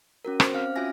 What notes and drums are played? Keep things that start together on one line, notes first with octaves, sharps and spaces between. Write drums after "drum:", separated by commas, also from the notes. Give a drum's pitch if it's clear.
C#4 F#4 A#4
C#4 C5, drum: rim click
C4 F5 F6
C#4 F4 F#4 E5 G#5 A#6